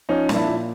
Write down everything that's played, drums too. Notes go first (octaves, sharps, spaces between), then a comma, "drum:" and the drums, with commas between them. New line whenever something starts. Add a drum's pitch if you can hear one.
F3 C#4 D#4
A#2, drum: snare
D4 E4
A#2